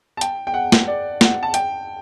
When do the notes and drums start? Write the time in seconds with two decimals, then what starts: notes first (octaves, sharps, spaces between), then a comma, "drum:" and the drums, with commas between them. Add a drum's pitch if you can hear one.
0.17 A5
0.21 G5, drum: hi-hat
0.47 G5
0.54 F#5
0.72 drum: snare
0.88 D5
1.21 F#5, drum: snare
1.43 A5
1.54 G5, drum: hi-hat